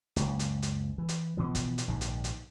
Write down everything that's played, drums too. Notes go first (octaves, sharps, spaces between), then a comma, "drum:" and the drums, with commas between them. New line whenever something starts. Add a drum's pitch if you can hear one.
F#1 C#2, drum: hi-hat
drum: hi-hat
drum: hi-hat
E3
drum: hi-hat
B2 E3 F3
drum: kick, hi-hat
drum: hi-hat
A#1 G#2 C3 D#3
drum: hi-hat
drum: hi-hat